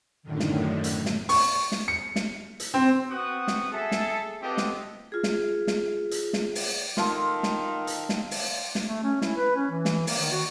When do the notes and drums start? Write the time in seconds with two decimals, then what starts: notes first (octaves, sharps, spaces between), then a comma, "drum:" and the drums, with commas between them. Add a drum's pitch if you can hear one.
0.23 F#2 A2 D3 D#3
0.40 drum: snare
0.84 drum: hi-hat
1.06 drum: snare
1.29 C#6, drum: open hi-hat
1.72 drum: snare
1.88 C#7
2.16 drum: snare
2.60 drum: hi-hat
2.74 C4
3.10 B3 C4 F#4 F#5 D#6
3.48 drum: snare
3.72 G#4 A4 E5
3.92 drum: snare
4.42 B3 C4 F4 G4 A4 D#5
4.57 drum: snare
5.12 F4 G#4
5.23 drum: snare
5.67 drum: snare
6.11 drum: hi-hat
6.33 drum: snare
6.55 drum: open hi-hat
6.97 D#3 F4 A4, drum: snare
7.43 drum: snare
7.87 drum: hi-hat
8.09 drum: snare
8.31 drum: open hi-hat
8.75 drum: snare
8.87 A3
9.03 C#4
9.22 E4, drum: snare
9.37 B4
9.56 C#4
9.70 E3
9.85 drum: snare
10.07 A#3, drum: open hi-hat
10.19 D#3
10.31 F#4